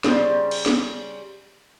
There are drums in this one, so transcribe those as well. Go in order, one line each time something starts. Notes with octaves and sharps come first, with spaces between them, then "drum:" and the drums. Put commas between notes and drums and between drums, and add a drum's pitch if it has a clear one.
C#3 G3 F4 C5, drum: snare
drum: cymbal
drum: snare